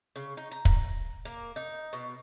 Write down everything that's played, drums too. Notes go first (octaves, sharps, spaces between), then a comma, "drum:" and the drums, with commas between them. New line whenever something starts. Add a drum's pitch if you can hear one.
C#3
D#4
A#5
drum: kick
A#3
D#4
B2